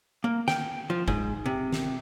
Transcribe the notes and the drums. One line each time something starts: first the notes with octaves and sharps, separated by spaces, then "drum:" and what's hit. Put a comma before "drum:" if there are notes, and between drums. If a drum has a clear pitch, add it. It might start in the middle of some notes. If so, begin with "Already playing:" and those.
A#3
G5, drum: snare
F3
G#2, drum: kick F#1
C3
drum: snare